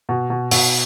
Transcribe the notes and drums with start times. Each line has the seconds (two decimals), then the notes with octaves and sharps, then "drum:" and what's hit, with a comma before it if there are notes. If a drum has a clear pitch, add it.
0.09 B2
0.30 B2
0.51 B2, drum: open hi-hat